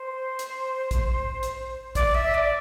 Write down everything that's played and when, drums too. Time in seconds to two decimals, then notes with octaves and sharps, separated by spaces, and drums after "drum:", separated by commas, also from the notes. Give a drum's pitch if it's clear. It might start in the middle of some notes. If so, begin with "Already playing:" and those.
Already playing: C5
0.39 drum: hi-hat
0.91 drum: kick A#1, hi-hat
1.43 drum: hi-hat
1.95 D5, drum: kick A#1, hi-hat
2.15 E5
2.34 D5